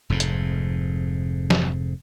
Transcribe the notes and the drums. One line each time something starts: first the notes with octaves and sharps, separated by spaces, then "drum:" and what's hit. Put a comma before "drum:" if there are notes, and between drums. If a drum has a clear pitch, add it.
F1 F2 G#2
drum: hi-hat
drum: snare